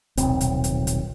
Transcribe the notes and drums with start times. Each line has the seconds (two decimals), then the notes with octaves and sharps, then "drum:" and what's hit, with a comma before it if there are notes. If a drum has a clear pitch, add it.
0.17 D#1 B1 C3 C4, drum: hi-hat
0.41 drum: hi-hat
0.64 drum: hi-hat
0.87 drum: hi-hat